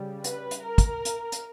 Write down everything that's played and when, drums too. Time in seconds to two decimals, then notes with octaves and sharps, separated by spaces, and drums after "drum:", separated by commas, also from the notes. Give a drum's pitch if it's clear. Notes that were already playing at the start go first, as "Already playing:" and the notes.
Already playing: C#3 G3
0.24 B4, drum: hi-hat
0.51 drum: hi-hat
0.64 A#4
0.78 drum: kick, hi-hat
1.05 drum: hi-hat
1.32 drum: hi-hat